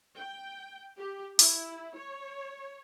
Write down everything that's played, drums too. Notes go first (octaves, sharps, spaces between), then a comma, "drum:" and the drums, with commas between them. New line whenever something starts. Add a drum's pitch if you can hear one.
G5
G4
E4, drum: open hi-hat
C#5